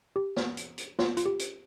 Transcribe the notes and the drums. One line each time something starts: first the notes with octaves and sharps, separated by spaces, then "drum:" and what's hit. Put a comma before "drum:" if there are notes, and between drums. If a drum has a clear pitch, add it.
G4
drum: snare
drum: hi-hat
drum: hi-hat
F4, drum: snare
F4, drum: hi-hat
G4
drum: hi-hat